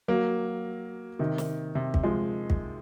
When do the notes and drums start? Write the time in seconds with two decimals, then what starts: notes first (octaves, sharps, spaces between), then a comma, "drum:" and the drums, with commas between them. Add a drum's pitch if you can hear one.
0.08 F#3 A#3
1.19 C3 D#3
1.38 drum: snare
1.75 C3
1.94 drum: kick
2.03 F3 G#3
2.50 drum: kick